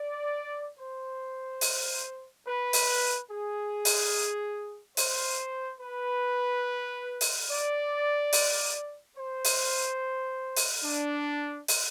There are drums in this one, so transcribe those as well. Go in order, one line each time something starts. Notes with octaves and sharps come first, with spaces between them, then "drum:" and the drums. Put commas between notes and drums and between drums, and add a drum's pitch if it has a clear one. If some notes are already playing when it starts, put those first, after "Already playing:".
Already playing: D5
C5
drum: open hi-hat
B4
drum: open hi-hat
G#4
drum: open hi-hat
C5, drum: open hi-hat
B4
drum: open hi-hat
D5
drum: open hi-hat
C5
drum: open hi-hat
drum: open hi-hat
D4
drum: open hi-hat